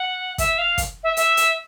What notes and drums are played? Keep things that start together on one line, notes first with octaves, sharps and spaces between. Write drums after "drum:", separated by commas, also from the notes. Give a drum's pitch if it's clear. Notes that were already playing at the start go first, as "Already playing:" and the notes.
Already playing: F#5
E5, drum: kick, hi-hat
F5
drum: kick, hi-hat
E5
E5, drum: hi-hat
drum: hi-hat